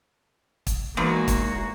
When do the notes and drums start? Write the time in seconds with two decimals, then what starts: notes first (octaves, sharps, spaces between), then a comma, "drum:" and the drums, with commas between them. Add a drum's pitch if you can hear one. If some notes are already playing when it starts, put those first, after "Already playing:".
0.67 drum: kick, hi-hat
0.97 E2 G#2 A#3 F#4
1.28 drum: kick, hi-hat